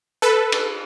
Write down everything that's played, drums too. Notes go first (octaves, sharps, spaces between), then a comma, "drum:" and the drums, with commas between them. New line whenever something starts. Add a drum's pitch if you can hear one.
A4 B4
drum: cymbal